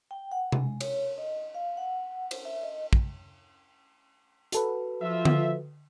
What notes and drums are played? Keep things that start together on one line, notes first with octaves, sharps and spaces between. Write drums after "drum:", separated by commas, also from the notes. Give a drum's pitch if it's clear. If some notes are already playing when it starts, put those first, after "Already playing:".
G5
F#5
G#3, drum: tom C3
C#5, drum: cymbal
D#5
F5
F#5
C5, drum: cymbal
E5
D#5
drum: kick
F#4 A4 B4, drum: hi-hat
F3 F4 E5
drum: tom D3